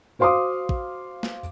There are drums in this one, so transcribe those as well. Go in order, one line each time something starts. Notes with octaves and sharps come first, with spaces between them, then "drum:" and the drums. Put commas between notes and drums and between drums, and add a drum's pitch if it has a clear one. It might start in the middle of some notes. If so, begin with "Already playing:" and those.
F#4 C5 F5 C6 D6 D#6
drum: kick
drum: snare